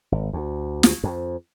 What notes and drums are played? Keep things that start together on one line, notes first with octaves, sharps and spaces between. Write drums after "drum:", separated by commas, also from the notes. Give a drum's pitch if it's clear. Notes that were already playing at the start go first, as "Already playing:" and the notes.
G#1
D2
drum: snare
F2